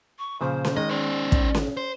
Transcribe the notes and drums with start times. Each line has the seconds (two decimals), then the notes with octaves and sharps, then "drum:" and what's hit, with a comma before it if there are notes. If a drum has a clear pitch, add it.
0.19 C#6
0.41 A#2 C#3 F3 C5
0.65 drum: snare C#4
0.77 D#3 G#3 D#5
0.90 C#4 C5 D5
1.32 drum: kick
1.55 drum: snare C#4
1.77 C5